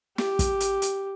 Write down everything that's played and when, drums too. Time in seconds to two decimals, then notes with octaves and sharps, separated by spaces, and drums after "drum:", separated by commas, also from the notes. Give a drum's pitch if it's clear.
0.18 G4, drum: snare
0.39 drum: kick, hi-hat
0.60 drum: hi-hat
0.82 drum: hi-hat